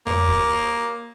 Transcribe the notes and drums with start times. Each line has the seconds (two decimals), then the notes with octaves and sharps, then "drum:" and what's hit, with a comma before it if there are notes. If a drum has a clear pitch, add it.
0.07 A#3, drum: tom F2
0.29 drum: kick D2